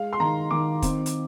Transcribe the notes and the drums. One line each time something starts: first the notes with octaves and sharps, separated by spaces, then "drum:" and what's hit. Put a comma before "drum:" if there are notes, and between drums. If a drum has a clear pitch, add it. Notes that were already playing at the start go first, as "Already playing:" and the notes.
Already playing: G#3 F5
C6
D#3 A#5
D#3 D6
C4, drum: kick, hi-hat
drum: hi-hat